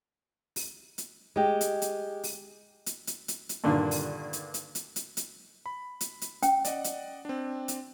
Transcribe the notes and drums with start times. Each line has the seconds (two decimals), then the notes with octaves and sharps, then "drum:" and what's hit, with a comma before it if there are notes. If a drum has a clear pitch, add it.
0.56 drum: open hi-hat
0.98 drum: hi-hat
1.36 G#3 G4
1.61 drum: hi-hat
1.82 drum: hi-hat
2.24 drum: open hi-hat
2.86 drum: hi-hat
3.07 drum: hi-hat
3.28 drum: hi-hat
3.49 drum: hi-hat
3.64 G2 A#2 D3 D#3
3.91 drum: open hi-hat
4.33 drum: hi-hat
4.54 drum: hi-hat
4.75 drum: hi-hat
4.96 drum: hi-hat
5.17 drum: hi-hat
5.66 B5
6.01 drum: hi-hat
6.22 drum: hi-hat
6.42 C#4 G5, drum: hi-hat
6.65 D5 D#5 F#5, drum: hi-hat
6.84 drum: hi-hat
7.25 C4 D4
7.68 drum: hi-hat